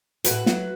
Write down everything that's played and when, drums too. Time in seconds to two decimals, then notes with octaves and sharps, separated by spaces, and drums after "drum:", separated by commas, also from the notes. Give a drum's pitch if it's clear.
0.24 A2 F#4 B4, drum: hi-hat
0.46 F#3, drum: snare